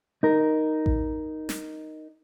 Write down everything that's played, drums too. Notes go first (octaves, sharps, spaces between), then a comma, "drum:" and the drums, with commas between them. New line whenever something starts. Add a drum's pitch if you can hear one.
D#4 A#4
drum: kick A1
drum: snare